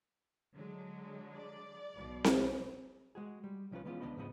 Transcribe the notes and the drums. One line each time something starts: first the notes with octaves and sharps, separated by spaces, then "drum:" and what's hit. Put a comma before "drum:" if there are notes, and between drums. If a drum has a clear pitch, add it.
D3 F#3 G#3
D5
B1 B2
drum: snare C4
G#3 F#4 G#4
G3
B1 F3 C#4 F4 B4
E3 G#3 B3 C#4 D#4 F4
D2 G2 B3 D4 D#5 B5
G#2 C#3 F3 B3 D#5 B5